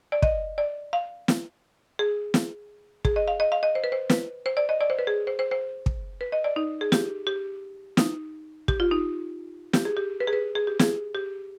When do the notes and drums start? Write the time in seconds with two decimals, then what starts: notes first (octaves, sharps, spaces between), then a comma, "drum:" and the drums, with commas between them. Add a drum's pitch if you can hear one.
0.12 D5
0.22 D#5, drum: kick
0.58 D5
0.93 F5
1.28 drum: snare
1.99 G#4
2.34 drum: snare
3.05 G#4, drum: kick
3.16 D#5
3.28 F5
3.40 D#5
3.52 F5
3.63 D#5
3.75 C5
3.84 B4
3.92 C5
4.10 B4, drum: snare
4.46 C5
4.57 D5
4.69 D#5
4.81 D5
4.90 C5
4.99 B4
5.07 G#4
5.27 C5
5.39 C5
5.51 C5
5.86 drum: kick
6.21 B4
6.32 D#5
6.44 D5
6.56 D#4
6.81 G#4
6.92 G4, drum: snare
7.27 G4
7.97 D#4, drum: snare
8.68 G4, drum: kick
8.80 F4
8.91 D#4
9.73 G4, drum: snare
9.85 G#4
9.97 G4
10.20 B4
10.27 G#4
10.33 B4
10.55 G#4
10.67 G4
10.79 G#4, drum: snare
11.15 G4